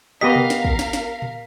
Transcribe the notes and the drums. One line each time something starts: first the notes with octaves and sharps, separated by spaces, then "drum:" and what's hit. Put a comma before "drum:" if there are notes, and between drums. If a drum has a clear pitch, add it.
B3 G4 A#4 D#5 F5 B6
drum: tom B2
drum: snare
drum: kick
drum: snare
drum: snare
drum: tom A#2